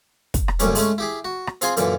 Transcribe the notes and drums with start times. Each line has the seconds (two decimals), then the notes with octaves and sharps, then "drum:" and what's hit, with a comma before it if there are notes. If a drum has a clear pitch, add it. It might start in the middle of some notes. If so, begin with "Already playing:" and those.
0.34 drum: kick, hi-hat
0.48 drum: rim click
0.60 C2 F#2 A2 G3 C#4, drum: hi-hat
0.75 G#3 A3 C#4, drum: open hi-hat
0.98 E4 G4 G#4
1.25 F#4
1.47 drum: rim click
1.61 C4 F4 G#4 G#5 C6, drum: hi-hat
1.77 F#2 A#2 D3 E3, drum: hi-hat